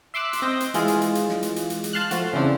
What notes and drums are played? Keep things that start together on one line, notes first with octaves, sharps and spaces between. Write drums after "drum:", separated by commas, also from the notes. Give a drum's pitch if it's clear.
E5 C6 D6 E6 F#6
drum: hi-hat
C4 D#5 G6 A#6
drum: hi-hat
E3 G#3 F4 G#4, drum: hi-hat
drum: hi-hat
drum: hi-hat
drum: hi-hat
drum: snare
drum: hi-hat
drum: hi-hat
drum: hi-hat
drum: hi-hat
F5 A5 C6 F6 F#6
F3 A3 F#4, drum: hi-hat
C#3 E3 C4 D4